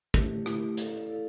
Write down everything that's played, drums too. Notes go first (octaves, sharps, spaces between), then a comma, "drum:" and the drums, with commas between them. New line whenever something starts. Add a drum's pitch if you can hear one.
A3 E4 G4, drum: kick
A3 E4 G4, drum: rim click
E4 A4 D5 F5, drum: hi-hat
E4 A4 D5 F5